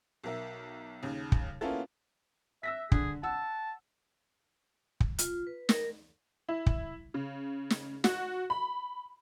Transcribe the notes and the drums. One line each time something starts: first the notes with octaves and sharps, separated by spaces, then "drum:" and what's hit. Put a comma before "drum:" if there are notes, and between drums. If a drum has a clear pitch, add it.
B1 A#4 E5
D#2 C#3
drum: kick
A#3 B3 C#4 E4 F4 A4
E5 E6 A#6 B6
D3 G#4, drum: kick
F#5 A5 E6
drum: kick
F4, drum: hi-hat
B4
A#4, drum: snare
E4
drum: kick
C#3
drum: snare
F#4, drum: snare
B5